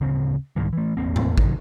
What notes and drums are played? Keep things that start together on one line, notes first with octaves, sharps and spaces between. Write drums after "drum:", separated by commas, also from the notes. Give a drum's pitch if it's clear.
D1 C#3 C4
C2 G#2 D#3 G3
E3 A3
F1 E2 A#3 C4
drum: tom A2
G1 F#2 C3 D#3, drum: kick